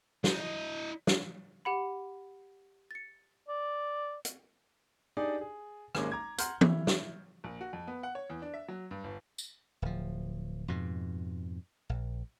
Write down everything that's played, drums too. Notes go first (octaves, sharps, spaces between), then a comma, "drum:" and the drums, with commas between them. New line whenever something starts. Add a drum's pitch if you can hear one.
E4 D#5, drum: snare
drum: snare
G4 F#5 B5
A6 C#7
D5
drum: hi-hat
D4 D#4 G4 G#4 D5
G#4
G#1 G#3 A#3 C#4 D6, drum: rim click
A#5 D6 G#6
F#5 A#5 C6 F6 G6, drum: hi-hat
E4, drum: tom
drum: snare
A#1
F#4
F2
B3
F#5
C#5
E2
D4
E5
F#3
G2
G1
drum: tambourine
D1 F3
F2 G#2 B2
A#1